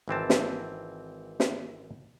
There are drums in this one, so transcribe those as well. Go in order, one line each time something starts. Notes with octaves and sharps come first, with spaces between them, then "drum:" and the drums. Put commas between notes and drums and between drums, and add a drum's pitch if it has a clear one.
G#1 E3 C4 A5
drum: snare
drum: snare